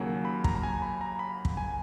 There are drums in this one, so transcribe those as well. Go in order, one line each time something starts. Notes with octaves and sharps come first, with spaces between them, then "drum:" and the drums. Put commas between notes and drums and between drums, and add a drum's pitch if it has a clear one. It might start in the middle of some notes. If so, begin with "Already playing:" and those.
Already playing: D#2 C#3 F#3 A#3 F#5 G#5
B5
A#5, drum: kick
A#5
G#5
B5
A#5
B5
drum: kick
G#5